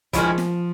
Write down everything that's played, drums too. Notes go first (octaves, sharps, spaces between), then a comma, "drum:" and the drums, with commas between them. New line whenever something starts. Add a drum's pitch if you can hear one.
D#3 F3 G#3 C#4 E4, drum: kick, hi-hat
drum: snare